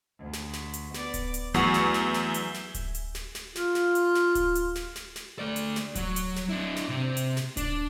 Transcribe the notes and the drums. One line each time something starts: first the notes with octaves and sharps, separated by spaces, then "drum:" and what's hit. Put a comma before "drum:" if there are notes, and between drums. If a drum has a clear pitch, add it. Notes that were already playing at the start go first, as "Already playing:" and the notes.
D2
drum: snare
drum: snare
drum: hi-hat
B3 D5 D6, drum: snare
drum: kick D1, hi-hat
drum: hi-hat
E2 F#3 A3 F#4 E5 G#5 D#6 G6, drum: snare
drum: snare
drum: snare
drum: snare
drum: hi-hat
drum: snare
drum: kick D1, hi-hat
drum: hi-hat
drum: snare
drum: snare
F4, drum: snare
drum: snare
drum: hi-hat
drum: snare
drum: kick D1, hi-hat
drum: hi-hat
drum: snare
drum: snare
drum: snare
A3 D5
drum: hi-hat
drum: snare
F#3, drum: kick D1, hi-hat
drum: hi-hat
drum: snare
D4 E4
drum: snare
C3 G4
drum: hi-hat
drum: snare
D4, drum: kick D1, hi-hat